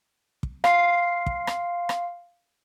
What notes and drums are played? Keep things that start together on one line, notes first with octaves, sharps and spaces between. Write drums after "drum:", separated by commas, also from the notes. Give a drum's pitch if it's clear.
drum: kick
F5 C6 C7, drum: rim click
drum: kick
drum: rim click
drum: rim click